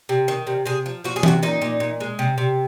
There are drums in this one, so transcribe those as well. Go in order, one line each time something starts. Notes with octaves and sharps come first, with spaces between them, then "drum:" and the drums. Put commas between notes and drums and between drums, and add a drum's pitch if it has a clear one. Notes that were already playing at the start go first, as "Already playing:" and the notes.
C3
D#3
C3
C3 G#4
F3
F3 F#4
G#4
C3 F#4, drum: tom E3
A#2 D#4
A#2
A#2
G#3
C3
C3